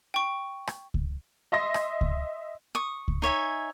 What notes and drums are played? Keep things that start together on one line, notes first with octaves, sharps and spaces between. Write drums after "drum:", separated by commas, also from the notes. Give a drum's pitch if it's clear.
G5 C#6
drum: rim click
drum: kick C#2
D#5 E5 C6 A#6
drum: rim click
drum: kick C#2
C#6 D#6
drum: kick C#2
D#4 C#5 E5 G#5